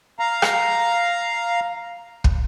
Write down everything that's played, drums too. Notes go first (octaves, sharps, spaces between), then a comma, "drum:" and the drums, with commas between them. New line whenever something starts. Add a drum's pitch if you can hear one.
F5 A#5
drum: rim click
drum: kick